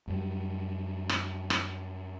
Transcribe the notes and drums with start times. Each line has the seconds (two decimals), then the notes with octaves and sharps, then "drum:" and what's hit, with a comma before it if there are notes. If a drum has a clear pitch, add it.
0.07 F#2 G3
1.09 drum: rim click
1.50 drum: rim click